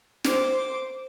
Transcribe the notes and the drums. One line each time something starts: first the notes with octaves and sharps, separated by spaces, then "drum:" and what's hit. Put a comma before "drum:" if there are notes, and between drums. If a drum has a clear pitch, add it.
C5 D6, drum: snare